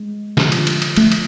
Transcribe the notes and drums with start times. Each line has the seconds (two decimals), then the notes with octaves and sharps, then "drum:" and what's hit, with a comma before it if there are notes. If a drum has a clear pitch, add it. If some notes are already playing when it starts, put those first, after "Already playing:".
Already playing: G#3
0.37 D3 F3 G#3, drum: snare
0.52 drum: cymbal
0.67 drum: cymbal
0.82 drum: cymbal
0.96 D3 F3 G#3 A3, drum: cymbal
1.12 drum: cymbal